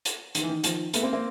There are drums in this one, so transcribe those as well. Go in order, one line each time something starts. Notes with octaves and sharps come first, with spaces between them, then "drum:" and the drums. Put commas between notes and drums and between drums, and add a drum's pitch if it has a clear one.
drum: hi-hat
D#3, drum: hi-hat
E3
D#3
D#3 F3, drum: hi-hat
A3 B3, drum: hi-hat
A#3 C4
A#3 C4